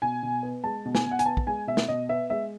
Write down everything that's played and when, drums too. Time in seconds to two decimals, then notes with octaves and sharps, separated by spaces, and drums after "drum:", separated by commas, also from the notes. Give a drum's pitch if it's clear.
0.02 B2 G#5
0.23 B2
0.43 B3
0.64 G#3 A5
0.85 B2
0.95 G#5, drum: snare
1.06 B2
1.11 F#5
1.19 G#5, drum: hi-hat
1.26 B3 A5
1.37 drum: kick
1.47 G#3 G#5
1.67 B2 E5
1.77 drum: snare
1.88 B2 D#5
2.09 B3 E5
2.30 G#3 E5